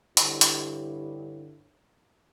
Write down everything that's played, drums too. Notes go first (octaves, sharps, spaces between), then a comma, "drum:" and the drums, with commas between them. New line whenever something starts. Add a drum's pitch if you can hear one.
G2 D3 E4 G4 C#5, drum: hi-hat
drum: hi-hat